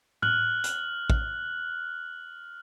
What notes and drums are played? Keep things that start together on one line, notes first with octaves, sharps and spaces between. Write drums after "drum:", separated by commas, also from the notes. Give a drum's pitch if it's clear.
F6 F#6 F#7, drum: tom A2
drum: hi-hat
drum: kick A1